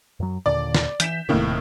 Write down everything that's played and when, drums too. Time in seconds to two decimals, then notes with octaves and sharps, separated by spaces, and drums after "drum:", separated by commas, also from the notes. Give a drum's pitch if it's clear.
0.20 F#2 F#3
0.46 D#2 A#2 D3 D5
0.75 drum: snare
1.00 E3 G6 B6 E7, drum: hi-hat
1.29 D#1 A2 C3 D#3 A#3